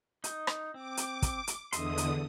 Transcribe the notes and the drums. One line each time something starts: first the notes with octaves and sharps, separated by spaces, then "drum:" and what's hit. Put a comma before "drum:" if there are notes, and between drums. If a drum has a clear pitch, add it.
D#4, drum: hi-hat
drum: rim click
C4 D6
drum: hi-hat
drum: kick, hi-hat
drum: hi-hat
E2 D3 D#5 E5 C6 D#6, drum: hi-hat
drum: hi-hat